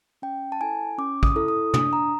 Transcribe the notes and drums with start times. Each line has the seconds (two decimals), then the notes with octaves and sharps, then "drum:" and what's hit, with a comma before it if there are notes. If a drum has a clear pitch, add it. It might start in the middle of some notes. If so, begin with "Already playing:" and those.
0.22 C#4 G5
0.52 A5
0.61 E4 A4 G#5
0.98 C#4 D6
1.23 D#6, drum: kick A1
1.36 E4 A4
1.48 D#6
1.74 D4 D#6, drum: tom
1.93 A#5